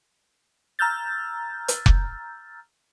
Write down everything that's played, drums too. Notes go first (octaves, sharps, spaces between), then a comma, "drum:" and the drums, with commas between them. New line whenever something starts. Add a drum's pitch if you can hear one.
A#5 E6 F6 G6 A6
drum: hi-hat
drum: kick F1